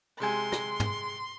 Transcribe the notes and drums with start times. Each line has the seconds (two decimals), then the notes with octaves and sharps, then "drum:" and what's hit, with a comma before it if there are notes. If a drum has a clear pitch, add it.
0.20 C3 G#3 G#5 C6
0.52 drum: rim click
0.80 drum: tom